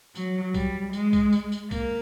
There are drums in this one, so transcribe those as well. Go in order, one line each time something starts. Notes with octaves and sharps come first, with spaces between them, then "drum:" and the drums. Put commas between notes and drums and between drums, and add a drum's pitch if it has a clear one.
F#3, drum: tambourine
G3, drum: kick B1, tambourine
G#3, drum: tambourine
drum: kick B1, tambourine
drum: tambourine
drum: tambourine
A#3, drum: kick B1, tambourine